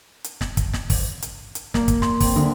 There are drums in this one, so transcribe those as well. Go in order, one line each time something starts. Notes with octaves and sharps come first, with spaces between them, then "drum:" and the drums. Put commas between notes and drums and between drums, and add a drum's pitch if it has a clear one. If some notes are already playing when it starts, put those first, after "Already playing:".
drum: hi-hat
drum: snare
drum: kick, hi-hat
drum: snare
drum: kick, open hi-hat
drum: hi-hat
drum: hi-hat
A#3, drum: snare
drum: kick, hi-hat
C6, drum: snare
C4, drum: kick, open hi-hat
D2